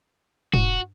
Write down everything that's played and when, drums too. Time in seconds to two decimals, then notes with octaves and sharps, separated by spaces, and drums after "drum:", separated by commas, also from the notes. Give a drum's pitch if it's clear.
0.54 E1 F#4, drum: tom